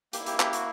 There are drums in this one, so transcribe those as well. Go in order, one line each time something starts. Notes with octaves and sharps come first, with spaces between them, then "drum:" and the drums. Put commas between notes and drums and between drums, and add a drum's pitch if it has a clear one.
A#3 E4 G4, drum: hi-hat
G4, drum: hi-hat
G4, drum: clap
F#4, drum: hi-hat